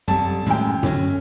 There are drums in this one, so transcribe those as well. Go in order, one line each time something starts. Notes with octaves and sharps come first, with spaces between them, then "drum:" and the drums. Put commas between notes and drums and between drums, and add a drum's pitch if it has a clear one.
F1 F#2 G3 A5
F#2 A2 D#3 G#3 G5
D3 D#3 F#3 C#4, drum: tom